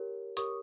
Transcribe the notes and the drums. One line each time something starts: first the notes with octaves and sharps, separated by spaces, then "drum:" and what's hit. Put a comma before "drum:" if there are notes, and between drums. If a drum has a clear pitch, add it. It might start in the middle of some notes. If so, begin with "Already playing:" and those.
Already playing: G4 A#4 C#5
G4 A#4 C#5 C#6 D#6, drum: hi-hat